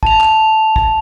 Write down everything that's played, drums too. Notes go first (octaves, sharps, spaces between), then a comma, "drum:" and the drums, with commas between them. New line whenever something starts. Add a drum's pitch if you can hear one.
A5 F7, drum: kick
drum: clap
drum: kick